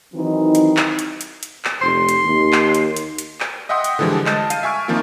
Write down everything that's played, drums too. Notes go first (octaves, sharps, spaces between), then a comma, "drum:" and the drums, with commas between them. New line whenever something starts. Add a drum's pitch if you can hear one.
D#3 E3 F#3 C4 D#4
drum: hi-hat
drum: clap
drum: hi-hat
drum: hi-hat
drum: hi-hat
drum: clap
F1 C6
drum: hi-hat
D#2
drum: clap
drum: hi-hat
drum: hi-hat
drum: hi-hat
drum: clap
D#5 E5 F#5 G5 C6 D#6
drum: hi-hat
D3 E3 F3 G3 G#3
D#5 A5 F6 G6 A6, drum: clap
F5 D#7, drum: hi-hat
E5 G#5 C#6 F6 D7
D#3 F3 A#3 C4 F4